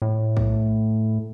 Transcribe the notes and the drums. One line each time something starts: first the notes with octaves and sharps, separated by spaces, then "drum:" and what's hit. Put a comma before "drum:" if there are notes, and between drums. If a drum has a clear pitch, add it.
A2
drum: kick A#1